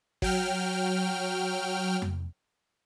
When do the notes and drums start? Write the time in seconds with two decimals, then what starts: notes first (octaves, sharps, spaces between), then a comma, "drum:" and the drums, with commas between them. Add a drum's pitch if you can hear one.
0.22 F#3 G5 F6, drum: kick
2.02 drum: tom F2